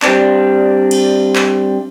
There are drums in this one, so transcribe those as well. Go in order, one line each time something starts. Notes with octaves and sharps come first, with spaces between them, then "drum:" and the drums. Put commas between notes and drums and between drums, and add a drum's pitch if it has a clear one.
G3 C4 D4, drum: clap
drum: cymbal
drum: clap